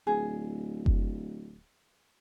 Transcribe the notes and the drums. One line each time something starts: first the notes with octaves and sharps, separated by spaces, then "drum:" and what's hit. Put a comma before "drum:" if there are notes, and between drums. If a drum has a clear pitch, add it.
D1 G#4
drum: kick F#1